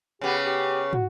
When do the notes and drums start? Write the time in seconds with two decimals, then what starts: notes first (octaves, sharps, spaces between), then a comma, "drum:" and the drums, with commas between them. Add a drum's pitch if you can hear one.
0.21 C#3 B3 G4
0.45 G4
0.93 F#4, drum: tom